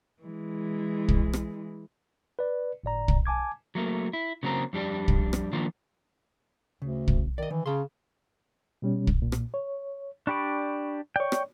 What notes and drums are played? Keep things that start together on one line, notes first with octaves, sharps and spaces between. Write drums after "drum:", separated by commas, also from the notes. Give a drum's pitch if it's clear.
E3 G#3
drum: kick
drum: rim click
B4 D5
G1 A2 D5 A#5
drum: kick
G#5 A5 D6 G#6
F#3 A3 A#3
E4
C#3 F#3 A#3 C4 A#5
F2 G3 D4 G4 D5
drum: kick
drum: rim click
D#3 F3 A#3 D4 F4
D2 C#3
drum: kick
D#3 D5 D#5
D#3 E3
C#3 C#4 A5 C6
B2 G3 C#4
drum: kick
A#2
drum: rim click
C#5
D4 G4 D5 B5 C#6
C#5 D5 G5 C#6
drum: rim click